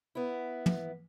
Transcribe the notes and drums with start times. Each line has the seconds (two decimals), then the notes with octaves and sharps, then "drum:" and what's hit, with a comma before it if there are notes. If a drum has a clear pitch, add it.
0.15 B3 E4
0.66 drum: tom